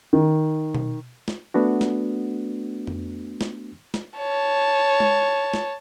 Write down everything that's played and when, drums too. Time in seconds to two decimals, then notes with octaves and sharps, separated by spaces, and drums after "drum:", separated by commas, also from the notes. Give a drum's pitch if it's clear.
0.13 D#3
0.75 drum: tom B2
1.28 drum: snare
1.54 A3 B3 D4 F#4
1.81 drum: snare
2.87 drum: tom F2
3.41 drum: snare
3.94 drum: snare
4.18 C#5 A5
5.00 drum: tom G#3
5.54 drum: snare